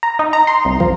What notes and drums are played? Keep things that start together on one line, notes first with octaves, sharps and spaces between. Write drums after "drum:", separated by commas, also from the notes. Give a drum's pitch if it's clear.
A#5
D#4
A#5
C6
C2
F3, drum: kick